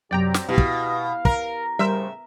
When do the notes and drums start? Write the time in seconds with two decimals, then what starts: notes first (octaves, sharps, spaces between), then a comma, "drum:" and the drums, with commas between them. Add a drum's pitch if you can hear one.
0.11 F#2 C3 F#3 C4 G4 D5 G5 A#5
0.34 drum: snare
0.49 B2 E4 G4 F5
0.58 drum: kick
1.25 A#4, drum: kick
1.79 A2 C#3 G3 A#4 C5 E5